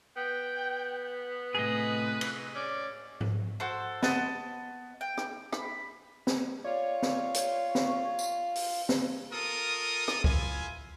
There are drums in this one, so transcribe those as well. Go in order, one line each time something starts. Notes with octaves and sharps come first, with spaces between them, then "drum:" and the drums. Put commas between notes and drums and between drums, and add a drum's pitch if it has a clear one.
B3 G5
A2 C3 G#4 B4 D#5
drum: cymbal
C#4 D5
drum: tom G#2
F#4 A4 C5
B3 D#5 A5, drum: snare
G5
drum: rim click
B5, drum: rim click
drum: snare
F4 C#5 D5
drum: snare
drum: hi-hat
drum: snare
drum: tambourine
drum: open hi-hat
drum: snare
F4 A4 A#4 D#6
drum: rim click
E4 F4 G#5, drum: kick C#2